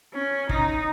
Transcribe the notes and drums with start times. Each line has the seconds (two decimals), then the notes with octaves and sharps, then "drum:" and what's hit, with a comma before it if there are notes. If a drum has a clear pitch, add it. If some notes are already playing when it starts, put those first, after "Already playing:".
0.14 C#4
0.49 D#4, drum: kick